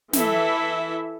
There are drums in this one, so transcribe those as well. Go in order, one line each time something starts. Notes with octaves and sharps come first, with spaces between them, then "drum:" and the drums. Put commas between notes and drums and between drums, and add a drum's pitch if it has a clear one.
E3 E4 A4 E5, drum: snare